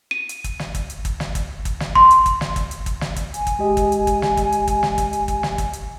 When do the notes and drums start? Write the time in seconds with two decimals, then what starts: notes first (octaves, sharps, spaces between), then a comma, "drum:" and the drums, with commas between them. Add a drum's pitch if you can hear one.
0.11 D#7
0.29 drum: hi-hat
0.44 drum: kick, hi-hat
0.59 drum: snare
0.75 drum: kick, hi-hat
0.90 drum: hi-hat
1.05 drum: kick, hi-hat
1.20 drum: snare
1.35 drum: kick, hi-hat
1.65 drum: kick, hi-hat
1.80 drum: snare
1.95 C6, drum: kick
2.11 drum: hi-hat
2.26 drum: kick, hi-hat
2.41 drum: snare
2.56 drum: kick, hi-hat
2.71 drum: hi-hat
2.86 drum: kick, hi-hat
3.01 drum: snare
3.16 drum: kick, hi-hat
3.34 G#5, drum: hi-hat
3.47 drum: kick, hi-hat
3.59 G#3 G4 D#5
3.77 drum: kick, hi-hat
3.92 drum: hi-hat
4.07 drum: kick, hi-hat
4.22 drum: snare
4.37 drum: kick, hi-hat
4.52 drum: hi-hat
4.68 drum: kick, hi-hat
4.83 drum: snare
4.98 drum: kick, hi-hat
5.13 drum: hi-hat
5.28 drum: kick, hi-hat
5.43 drum: snare
5.58 drum: kick, hi-hat
5.73 drum: hi-hat